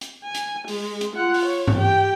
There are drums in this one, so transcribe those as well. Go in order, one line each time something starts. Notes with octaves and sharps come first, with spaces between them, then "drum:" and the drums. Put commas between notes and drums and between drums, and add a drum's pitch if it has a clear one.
drum: hi-hat
G#5
drum: hi-hat
G#3, drum: open hi-hat
drum: hi-hat
F4 F#5
drum: open hi-hat
C#5
drum: tom G2
G4 G5